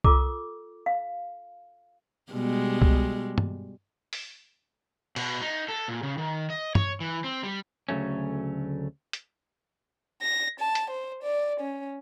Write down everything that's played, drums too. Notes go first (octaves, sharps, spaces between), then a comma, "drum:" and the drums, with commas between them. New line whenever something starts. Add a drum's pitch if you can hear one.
F4 A4 A#4 D6, drum: kick C2
F5
B2 G3 G#3
drum: kick C2
drum: tom
drum: open hi-hat
B2, drum: cymbal
D#4
A4
A#2
C#3
D#3
D#5
C#5, drum: tom
E3
C4
G3
D2 C#3 F#3 A3 C#4
drum: hi-hat
A#6
A5
drum: hi-hat
C5
D5
C#4